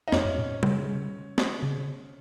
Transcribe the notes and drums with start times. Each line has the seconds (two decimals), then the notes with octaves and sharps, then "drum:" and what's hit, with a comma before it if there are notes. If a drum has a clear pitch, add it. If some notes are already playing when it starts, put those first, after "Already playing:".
0.08 D#4
0.12 F2 C#4, drum: snare
0.25 F#2
0.38 A#2
0.63 C#3, drum: tom G3
1.38 drum: snare
1.63 C#3